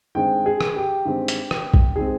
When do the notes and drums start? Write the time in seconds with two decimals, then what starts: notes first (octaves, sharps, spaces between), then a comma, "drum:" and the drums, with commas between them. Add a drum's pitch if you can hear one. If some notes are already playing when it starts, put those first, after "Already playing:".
0.15 G2 D#3 G#3 C4 G5
0.46 G#4
0.61 drum: rim click
0.76 G4
1.05 G2 D#3 G#3 C4
1.28 drum: hi-hat
1.51 drum: rim click
1.74 drum: kick
1.96 D#3 G#3 C4 G#4